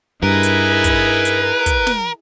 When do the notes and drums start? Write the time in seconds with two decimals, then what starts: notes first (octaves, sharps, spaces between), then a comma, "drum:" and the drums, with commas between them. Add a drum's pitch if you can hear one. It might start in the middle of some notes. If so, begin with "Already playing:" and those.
0.23 G2 D#4 E4 G#4 A#4 B4
0.43 drum: hi-hat
0.84 drum: kick, hi-hat
1.25 drum: hi-hat
1.66 drum: kick, hi-hat
1.87 drum: snare